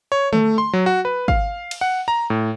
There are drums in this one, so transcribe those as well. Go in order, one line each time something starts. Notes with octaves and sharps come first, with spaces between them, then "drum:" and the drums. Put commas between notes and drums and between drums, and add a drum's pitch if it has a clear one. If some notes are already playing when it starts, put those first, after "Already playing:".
C#5
A3, drum: tom D3
C6
F#3
F#4
B4
F5, drum: kick G#1
drum: cymbal
F#5
A#5
A2